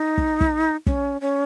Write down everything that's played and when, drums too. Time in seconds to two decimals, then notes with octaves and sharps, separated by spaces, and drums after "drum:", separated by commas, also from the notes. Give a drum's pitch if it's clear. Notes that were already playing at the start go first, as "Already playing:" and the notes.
Already playing: D#4
0.18 drum: kick
0.41 drum: kick
0.87 C#4, drum: kick
1.21 C#4